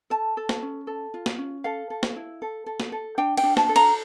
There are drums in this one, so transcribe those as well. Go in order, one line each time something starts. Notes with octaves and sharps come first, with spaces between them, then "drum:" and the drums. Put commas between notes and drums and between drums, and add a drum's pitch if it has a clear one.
A4 A5
A4
drum: snare
C#4
A4
F4
drum: snare
C#4
A4 F5
A4
drum: snare
E4
A4
A4
drum: snare
A4
D4 G5
G5, drum: cymbal
D4
A5, drum: snare
A4
A#5, drum: cymbal